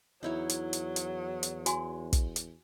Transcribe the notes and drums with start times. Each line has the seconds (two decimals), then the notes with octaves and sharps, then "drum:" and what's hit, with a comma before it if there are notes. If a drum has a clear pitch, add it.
0.23 E2 F#3 D#4 E4 C#5
0.49 drum: hi-hat
0.73 drum: hi-hat
0.96 drum: hi-hat
1.43 drum: hi-hat
1.66 F#4 G#5 C6, drum: hi-hat
2.13 drum: kick, hi-hat
2.36 drum: hi-hat